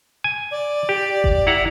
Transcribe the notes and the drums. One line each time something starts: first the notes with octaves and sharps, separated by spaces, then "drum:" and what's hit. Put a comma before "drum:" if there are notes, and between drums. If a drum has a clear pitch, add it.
G#5
D5
G4
drum: kick F#1
E4 F#5 A#5